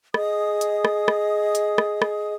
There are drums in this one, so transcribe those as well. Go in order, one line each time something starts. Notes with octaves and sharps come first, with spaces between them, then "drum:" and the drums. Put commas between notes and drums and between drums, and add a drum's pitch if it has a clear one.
G#4 D#5 D#6, drum: rim click
drum: hi-hat
drum: rim click
drum: rim click
drum: hi-hat
drum: rim click
drum: rim click